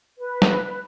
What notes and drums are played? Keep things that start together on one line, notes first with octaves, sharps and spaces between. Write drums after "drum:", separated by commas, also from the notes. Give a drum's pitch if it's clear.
B4
drum: snare